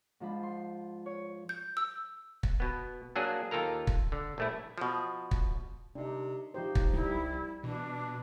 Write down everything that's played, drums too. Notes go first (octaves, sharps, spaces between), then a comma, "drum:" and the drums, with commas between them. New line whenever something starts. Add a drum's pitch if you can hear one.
G#2 F3 D4 B5
C6
C#5
G6
E6
drum: kick
B2 B3
F#3 A#3 D4 G#4
D#2 F4 A4 A#4 A#5
drum: kick
D3
A#1 A3 E4
B2 F3
drum: kick
C3 D4 D#4
F3 D#4 G4 C5
drum: kick
C2 G3 E4
B2 E3 D4